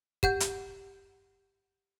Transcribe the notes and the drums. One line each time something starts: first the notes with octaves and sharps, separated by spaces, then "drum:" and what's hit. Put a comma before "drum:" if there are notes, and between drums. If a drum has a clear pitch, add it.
G4 F#5 G6, drum: kick
drum: hi-hat